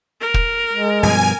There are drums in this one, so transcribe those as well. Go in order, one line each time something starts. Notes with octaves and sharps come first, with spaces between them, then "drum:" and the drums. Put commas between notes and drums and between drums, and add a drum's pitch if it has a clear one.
A#4
drum: kick
G#3
G2 B2 F3 G#5